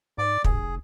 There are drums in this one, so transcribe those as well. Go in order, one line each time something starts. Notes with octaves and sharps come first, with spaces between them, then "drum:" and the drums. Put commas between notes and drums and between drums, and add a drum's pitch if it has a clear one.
G#2 D5 D6
F1 G#4, drum: kick